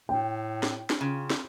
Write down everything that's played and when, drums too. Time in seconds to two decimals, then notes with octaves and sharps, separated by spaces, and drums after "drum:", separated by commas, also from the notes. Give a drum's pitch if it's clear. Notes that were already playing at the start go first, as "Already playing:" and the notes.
0.09 A2 G5
0.63 drum: snare
0.90 drum: snare
1.01 C#3 F4
1.30 drum: snare